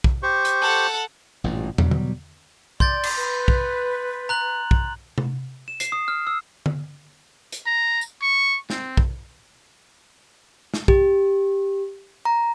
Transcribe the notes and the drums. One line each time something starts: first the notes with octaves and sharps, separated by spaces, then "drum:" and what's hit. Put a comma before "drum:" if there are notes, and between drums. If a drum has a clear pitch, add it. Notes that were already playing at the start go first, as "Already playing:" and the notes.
drum: kick
G4 C5 C#6
drum: hi-hat
A4 F#5
A1 G2 A#2
B2 F#3 G3, drum: tom
drum: tom D3
D5 C6 G6 A6, drum: kick
drum: cymbal
B4
drum: kick
A#5 F#6 F#7
drum: kick
drum: tom C3
E7
C7, drum: hi-hat
D#6
F6
E6
drum: tom D3
drum: hi-hat
A#5
drum: tambourine
C#6
C4, drum: snare
drum: kick
drum: snare
G4, drum: kick
A#5